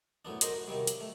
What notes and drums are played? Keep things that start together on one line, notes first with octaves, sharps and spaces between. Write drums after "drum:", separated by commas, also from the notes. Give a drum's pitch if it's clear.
A2 F#3 B3 D4
D#4 F#4 G#4 A#4 C5 D#5, drum: hi-hat
F#4
C3 D#3 F#3 G3
F5, drum: hi-hat
A3